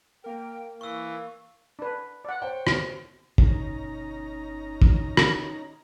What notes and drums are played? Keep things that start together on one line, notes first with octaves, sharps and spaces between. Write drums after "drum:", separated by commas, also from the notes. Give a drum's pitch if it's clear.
A#3 A#4 G5
E3 F5 C#6 E6
D4 B4
D5 F#5
C5 C#5 G5
drum: rim click
G1 B2 C#4 D#4 A#5, drum: kick
drum: kick
drum: rim click
D#3